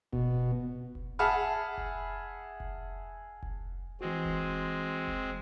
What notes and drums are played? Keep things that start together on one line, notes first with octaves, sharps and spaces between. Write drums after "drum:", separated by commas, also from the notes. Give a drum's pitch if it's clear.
B2, drum: kick F1
drum: kick F1
G#4 E5 F#5 A5 B5 F6
drum: kick F1
drum: kick F1
drum: kick F1
E3 G#3 C4 F#4
drum: kick F1
drum: kick F1